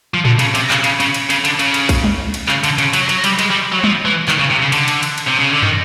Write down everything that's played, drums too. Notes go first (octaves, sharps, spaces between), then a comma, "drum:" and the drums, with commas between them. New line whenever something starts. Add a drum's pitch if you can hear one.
F3
D3, drum: tom A2
C#3, drum: cymbal
C3, drum: cymbal
C#3, drum: clap
C#3, drum: cymbal
C#3, drum: cymbal
drum: cymbal
C#3, drum: cymbal
D3, drum: cymbal
C#3, drum: cymbal
drum: cymbal
drum: kick, cymbal
drum: tom G3
drum: cymbal
C#3, drum: clap
D3, drum: cymbal
C#3, drum: cymbal
F#3, drum: cymbal
F#3, drum: cymbal
G3, drum: cymbal
G#3, drum: cymbal
G3
F#3
F3, drum: tom G3
E3
D#3, drum: clap
C#3
C3
C#3
D3, drum: cymbal
drum: cymbal
drum: cymbal
drum: cymbal
C3
C#3
D3
D#3, drum: tom